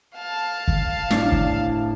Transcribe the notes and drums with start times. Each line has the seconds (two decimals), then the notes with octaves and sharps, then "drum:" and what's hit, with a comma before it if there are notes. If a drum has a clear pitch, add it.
0.15 F5 A5
0.68 drum: kick
1.11 A2 D4 E4, drum: snare
1.32 drum: kick